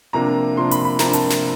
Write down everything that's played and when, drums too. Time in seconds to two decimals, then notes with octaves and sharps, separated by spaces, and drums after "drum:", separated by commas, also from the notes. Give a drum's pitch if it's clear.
0.13 C3 F3 A#3 D4 A#5
0.57 C3 F3 A#3 D4 C6
0.71 B5, drum: hi-hat
0.85 B5
0.99 C3 F3 A#3 D4 A#5, drum: snare
1.13 A5, drum: hi-hat
1.30 drum: snare